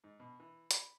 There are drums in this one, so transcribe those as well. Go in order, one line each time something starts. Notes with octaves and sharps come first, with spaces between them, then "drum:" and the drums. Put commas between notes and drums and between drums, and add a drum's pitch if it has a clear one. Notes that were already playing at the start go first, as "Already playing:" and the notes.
G#2
B2
E3
B5, drum: hi-hat